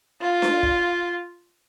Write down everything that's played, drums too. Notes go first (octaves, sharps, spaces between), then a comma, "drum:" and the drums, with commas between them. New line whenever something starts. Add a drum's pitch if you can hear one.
F4
drum: snare D4
drum: kick